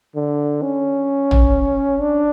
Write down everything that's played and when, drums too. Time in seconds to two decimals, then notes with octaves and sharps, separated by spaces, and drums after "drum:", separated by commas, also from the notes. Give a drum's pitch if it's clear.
0.15 D3
0.62 C#4
1.31 drum: tom
2.00 D4